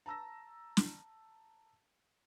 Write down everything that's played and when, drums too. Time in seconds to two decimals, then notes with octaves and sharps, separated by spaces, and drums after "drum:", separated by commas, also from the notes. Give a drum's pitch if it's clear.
0.06 A5 A#5 E6 A#6
0.77 drum: snare